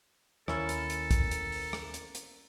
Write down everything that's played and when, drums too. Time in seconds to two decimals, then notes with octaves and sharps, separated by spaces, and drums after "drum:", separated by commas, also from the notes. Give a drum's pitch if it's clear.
0.48 D#2 C#4 E4 A4 A#4, drum: rim click
0.69 drum: hi-hat
0.90 drum: hi-hat
1.11 drum: kick, hi-hat
1.31 drum: hi-hat
1.52 drum: open hi-hat
1.73 drum: rim click
1.94 drum: hi-hat
2.15 drum: hi-hat